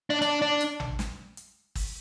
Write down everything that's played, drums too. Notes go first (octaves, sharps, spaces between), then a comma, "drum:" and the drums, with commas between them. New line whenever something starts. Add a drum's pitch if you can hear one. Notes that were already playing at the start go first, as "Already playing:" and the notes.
D4
D4, drum: hi-hat
D4
drum: hi-hat
drum: tom A1
drum: snare
drum: hi-hat
drum: kick, open hi-hat